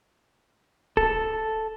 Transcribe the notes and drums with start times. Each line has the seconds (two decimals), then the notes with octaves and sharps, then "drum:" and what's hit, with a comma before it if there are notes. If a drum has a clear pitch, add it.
0.97 A4, drum: kick